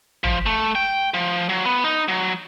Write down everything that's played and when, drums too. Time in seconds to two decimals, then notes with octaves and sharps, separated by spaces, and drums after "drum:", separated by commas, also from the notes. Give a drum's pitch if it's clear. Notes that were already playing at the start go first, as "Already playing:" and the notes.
0.24 F3, drum: tom
0.46 A3
0.75 G5
1.14 F3
1.49 F#3
1.65 B3
1.84 D#4
2.08 F#3